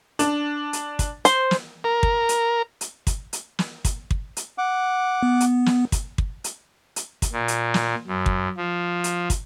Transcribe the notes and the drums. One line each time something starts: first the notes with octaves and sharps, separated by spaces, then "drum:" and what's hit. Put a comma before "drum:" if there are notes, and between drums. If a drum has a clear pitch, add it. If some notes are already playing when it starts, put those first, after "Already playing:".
D4, drum: hi-hat
drum: hi-hat
drum: kick, hi-hat
C5, drum: hi-hat
drum: snare
A#4
drum: kick
drum: hi-hat
drum: hi-hat
drum: kick, hi-hat
drum: hi-hat
drum: snare
drum: kick, hi-hat
drum: kick
drum: hi-hat
F#5 D6
B3
drum: hi-hat
drum: snare
drum: kick, hi-hat
drum: kick
drum: hi-hat
drum: hi-hat
drum: kick, hi-hat
A#2
drum: hi-hat
drum: snare
F#2
drum: kick
F3
drum: hi-hat
drum: kick, hi-hat